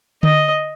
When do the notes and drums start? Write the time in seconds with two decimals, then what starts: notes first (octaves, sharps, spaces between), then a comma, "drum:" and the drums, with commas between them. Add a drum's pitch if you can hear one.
0.23 D#5, drum: tom D3